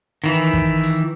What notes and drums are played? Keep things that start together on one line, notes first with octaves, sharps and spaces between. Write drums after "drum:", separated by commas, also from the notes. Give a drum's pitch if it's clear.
D#3 E3, drum: hi-hat
drum: kick
drum: hi-hat